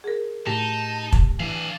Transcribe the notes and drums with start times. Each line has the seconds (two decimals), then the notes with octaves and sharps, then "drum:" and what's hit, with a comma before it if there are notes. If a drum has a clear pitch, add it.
0.04 G#4 A#4
0.47 A2 D#4 G4 A5
1.12 drum: kick
1.40 E3 D4 F5